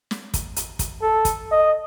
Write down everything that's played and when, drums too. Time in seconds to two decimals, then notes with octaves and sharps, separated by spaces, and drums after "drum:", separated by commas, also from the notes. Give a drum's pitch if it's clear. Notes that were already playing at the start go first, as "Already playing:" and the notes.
0.11 drum: snare
0.34 drum: kick, hi-hat
0.56 drum: hi-hat
0.79 drum: kick, hi-hat
1.02 A4
1.25 drum: kick, hi-hat
1.51 D#5